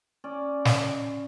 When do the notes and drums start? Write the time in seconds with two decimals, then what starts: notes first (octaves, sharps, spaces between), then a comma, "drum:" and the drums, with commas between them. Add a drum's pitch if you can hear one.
0.24 C#4 D5
0.65 drum: snare